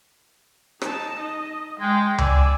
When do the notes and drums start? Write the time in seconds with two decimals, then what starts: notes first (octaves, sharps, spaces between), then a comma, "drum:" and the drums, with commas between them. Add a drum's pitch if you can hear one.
0.82 D#4 A5, drum: rim click
1.20 D#5
1.80 G#3 G5 C6
2.18 D5 G#5 E6, drum: tom C#2